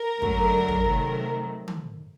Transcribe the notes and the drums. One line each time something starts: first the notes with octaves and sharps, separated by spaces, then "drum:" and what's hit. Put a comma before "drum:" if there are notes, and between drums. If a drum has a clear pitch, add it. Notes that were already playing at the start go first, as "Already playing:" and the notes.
Already playing: A#4
F#2 D3 F#3 A3, drum: kick
drum: tom
C3 D#3 F#3 A3
drum: tom D#3